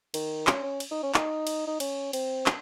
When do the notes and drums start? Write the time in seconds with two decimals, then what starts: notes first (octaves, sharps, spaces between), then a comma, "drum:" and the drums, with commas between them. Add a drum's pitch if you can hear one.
0.14 D#3, drum: cymbal
0.47 C#4, drum: clap
0.63 C#4
0.80 drum: cymbal
0.91 D#4
1.03 C#4
1.14 D#4, drum: clap
1.47 drum: cymbal
1.67 D#4
1.80 C#4, drum: cymbal
2.13 C4, drum: cymbal
2.46 drum: clap